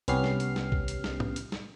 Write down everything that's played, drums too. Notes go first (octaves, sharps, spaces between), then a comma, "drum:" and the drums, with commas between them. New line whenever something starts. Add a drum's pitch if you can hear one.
C2 B3 C#4 G4 F6 C7, drum: hi-hat
drum: snare
drum: hi-hat
drum: snare
drum: kick
drum: hi-hat
drum: snare
drum: tom
drum: hi-hat
drum: snare